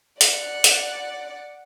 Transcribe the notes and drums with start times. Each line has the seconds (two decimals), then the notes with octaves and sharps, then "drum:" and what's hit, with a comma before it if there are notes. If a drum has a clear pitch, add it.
0.21 D5 F#5, drum: hi-hat
0.64 drum: hi-hat